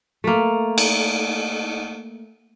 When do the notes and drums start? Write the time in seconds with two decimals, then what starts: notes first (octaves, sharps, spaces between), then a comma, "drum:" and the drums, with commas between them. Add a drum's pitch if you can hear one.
0.24 A3 A#3
0.78 drum: cymbal